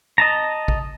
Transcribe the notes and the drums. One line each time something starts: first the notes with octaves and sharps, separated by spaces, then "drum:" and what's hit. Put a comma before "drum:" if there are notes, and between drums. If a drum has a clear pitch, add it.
D#5 A5 A#5
drum: kick